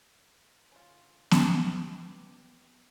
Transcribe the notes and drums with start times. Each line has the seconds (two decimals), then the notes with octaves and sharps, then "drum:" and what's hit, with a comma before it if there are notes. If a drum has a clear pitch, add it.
0.72 G2 D3 C#4 F4
1.31 D2 E3 F#3, drum: snare B3
1.96 B3 G4